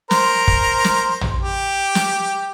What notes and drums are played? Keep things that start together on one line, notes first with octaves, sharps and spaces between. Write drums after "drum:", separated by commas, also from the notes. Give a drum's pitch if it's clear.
A#4 C5, drum: snare
drum: kick
drum: snare
drum: tom
G4
drum: snare